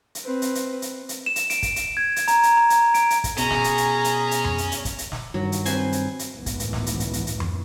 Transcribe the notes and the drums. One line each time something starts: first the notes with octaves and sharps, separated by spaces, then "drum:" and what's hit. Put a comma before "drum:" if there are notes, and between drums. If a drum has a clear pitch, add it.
drum: hi-hat
C4 B4
drum: hi-hat
drum: hi-hat
drum: hi-hat
drum: hi-hat
E7
drum: hi-hat
D7, drum: hi-hat
drum: kick, hi-hat
drum: hi-hat
G#6
drum: hi-hat
A#5, drum: hi-hat
drum: hi-hat
A#5
drum: hi-hat
D7, drum: hi-hat
drum: hi-hat
drum: kick, hi-hat
B2 C#4 G#4 A#5, drum: hi-hat
drum: snare
drum: hi-hat
drum: hi-hat
drum: hi-hat
drum: hi-hat
drum: tom F2
drum: hi-hat
drum: hi-hat
drum: kick, hi-hat
drum: hi-hat
drum: snare
G2 D#3 F#3
drum: hi-hat
C4 B4 C5 G#5, drum: hi-hat
drum: hi-hat
drum: hi-hat
G#1 C#2 F#2 A2 E3 B3
drum: kick, hi-hat
drum: hi-hat
drum: snare
drum: hi-hat
drum: hi-hat
drum: hi-hat
drum: hi-hat
drum: tom F2